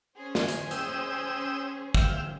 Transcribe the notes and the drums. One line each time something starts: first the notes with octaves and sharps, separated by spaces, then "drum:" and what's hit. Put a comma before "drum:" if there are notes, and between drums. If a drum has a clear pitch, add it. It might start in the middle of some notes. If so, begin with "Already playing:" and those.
C#4 G#4 C5
drum: snare
drum: hi-hat
G5 D#6 E6, drum: hi-hat
E5 F5 G5, drum: kick